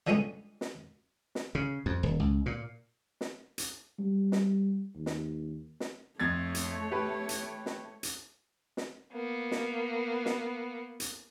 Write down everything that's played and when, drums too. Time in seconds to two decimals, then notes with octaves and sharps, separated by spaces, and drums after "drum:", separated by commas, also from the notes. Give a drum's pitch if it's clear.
0.07 D3 F3 G3 G#3 B3 C#4
0.61 drum: snare
1.35 drum: snare
1.55 C#3
1.86 F2
2.03 D#1
2.20 C#2
2.46 A#2
3.21 drum: snare
3.58 drum: hi-hat
4.00 G3
4.32 drum: snare
4.96 D#2
5.06 drum: snare
5.80 drum: snare
6.20 F2 A3 C#5 G#6 A6
6.55 drum: hi-hat
6.92 G4 B4
7.29 drum: hi-hat
7.66 drum: snare
8.03 drum: hi-hat
8.77 drum: snare
9.13 A#3 B3
9.51 drum: snare
10.26 drum: snare
11.00 drum: hi-hat